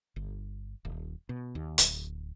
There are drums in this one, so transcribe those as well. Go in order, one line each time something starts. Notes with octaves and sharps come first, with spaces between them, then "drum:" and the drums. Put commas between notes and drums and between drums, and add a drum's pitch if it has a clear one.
G1
D#1
B2
D#2
D1, drum: hi-hat